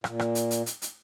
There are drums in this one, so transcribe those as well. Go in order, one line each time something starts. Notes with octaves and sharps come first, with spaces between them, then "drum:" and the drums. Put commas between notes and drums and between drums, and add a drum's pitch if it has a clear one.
A#2, drum: rim click
drum: rim click
drum: hi-hat
drum: hi-hat
drum: hi-hat
drum: hi-hat